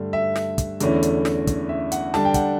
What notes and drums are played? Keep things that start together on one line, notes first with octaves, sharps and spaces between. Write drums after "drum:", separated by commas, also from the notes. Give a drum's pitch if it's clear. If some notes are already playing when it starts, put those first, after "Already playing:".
Already playing: G2 D3 A3
E5
drum: snare
drum: kick, hi-hat
E2 D3 A3 C#4 E4, drum: hi-hat
drum: hi-hat
drum: snare
drum: kick, hi-hat
E5
F#5, drum: hi-hat
D3 G3 D4 A5, drum: snare
G5
F#5, drum: kick, hi-hat